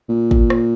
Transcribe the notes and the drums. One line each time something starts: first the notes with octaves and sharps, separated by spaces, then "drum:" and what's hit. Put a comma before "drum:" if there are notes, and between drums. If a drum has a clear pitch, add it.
A#2
drum: kick
drum: rim click